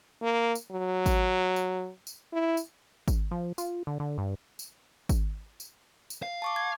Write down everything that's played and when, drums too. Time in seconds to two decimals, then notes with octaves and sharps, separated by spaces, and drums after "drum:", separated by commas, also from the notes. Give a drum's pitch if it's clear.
0.22 A#3
0.55 drum: tambourine
0.71 F#3
1.06 drum: kick G#1, tambourine
1.56 drum: tambourine
2.07 drum: tambourine
2.32 E4
2.57 drum: tambourine
3.08 drum: kick G#1, tambourine
3.31 F3
3.58 F4, drum: tambourine
3.87 D3
4.00 D3
4.18 G2
4.59 drum: tambourine
5.09 drum: kick G#1, tambourine
5.60 drum: tambourine
6.10 drum: tambourine
6.22 F5
6.42 A5 C#6 D6
6.56 G#6